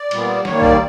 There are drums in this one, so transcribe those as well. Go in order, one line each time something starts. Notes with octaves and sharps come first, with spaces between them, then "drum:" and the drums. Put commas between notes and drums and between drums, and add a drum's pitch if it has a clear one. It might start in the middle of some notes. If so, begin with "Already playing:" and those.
Already playing: D5
A#2 G3 B3, drum: cymbal
D#2 D#3 G3 A#3 C#5, drum: snare
D5, drum: kick B1